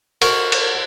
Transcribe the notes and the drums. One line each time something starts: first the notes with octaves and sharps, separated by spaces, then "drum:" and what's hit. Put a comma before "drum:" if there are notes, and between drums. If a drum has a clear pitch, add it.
F#4 A#4, drum: cymbal
drum: cymbal